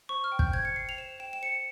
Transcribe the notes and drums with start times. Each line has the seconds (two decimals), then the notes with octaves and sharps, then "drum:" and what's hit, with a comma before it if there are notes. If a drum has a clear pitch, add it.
0.09 C5 C#6
0.24 F6
0.32 G5
0.39 G6, drum: kick
0.53 C5 G#6
0.65 C#7
0.76 G5 C7
0.89 F7
0.98 C5 E7
1.20 G5 E7
1.33 E7
1.42 C5 C#7